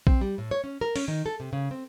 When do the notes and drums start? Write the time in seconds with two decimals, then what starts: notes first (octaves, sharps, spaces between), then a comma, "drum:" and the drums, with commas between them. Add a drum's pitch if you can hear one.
0.07 C4, drum: kick
0.21 G3
0.38 A2
0.51 C#5
0.64 C#4
0.81 A#4
0.96 C#4, drum: open hi-hat
1.08 D#3
1.26 A4
1.40 C3
1.53 C#3
1.71 C4